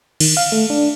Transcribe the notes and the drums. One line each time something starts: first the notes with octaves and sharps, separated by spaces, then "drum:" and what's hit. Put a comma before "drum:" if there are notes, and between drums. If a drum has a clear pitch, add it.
D#3, drum: cymbal
F5
A3
D4